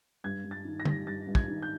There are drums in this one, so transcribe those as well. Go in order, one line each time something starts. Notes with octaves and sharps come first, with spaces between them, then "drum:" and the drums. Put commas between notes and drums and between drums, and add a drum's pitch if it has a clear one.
G2 G#6
G2
A6
D#3
A#6
G3, drum: tom D3
G2 A6
G2
G#6, drum: kick
D#3
G6